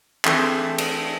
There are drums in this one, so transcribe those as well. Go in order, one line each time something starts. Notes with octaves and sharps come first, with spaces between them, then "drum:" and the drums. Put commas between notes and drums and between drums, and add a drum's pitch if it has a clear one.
E3 A3 C4 D4 G#4, drum: clap
drum: cymbal